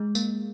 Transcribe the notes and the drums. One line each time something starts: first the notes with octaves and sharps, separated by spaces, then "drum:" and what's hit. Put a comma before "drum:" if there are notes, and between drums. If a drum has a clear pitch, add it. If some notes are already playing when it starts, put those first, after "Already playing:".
Already playing: G#3
A#3, drum: tambourine